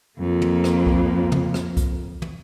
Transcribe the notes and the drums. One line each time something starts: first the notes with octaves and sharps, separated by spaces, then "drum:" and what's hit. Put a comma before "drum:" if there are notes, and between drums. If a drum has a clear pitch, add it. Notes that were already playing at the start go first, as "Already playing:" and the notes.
F2 A#3
drum: tom
drum: rim click
drum: kick C2
drum: tom
drum: rim click
drum: kick C2, hi-hat
drum: tom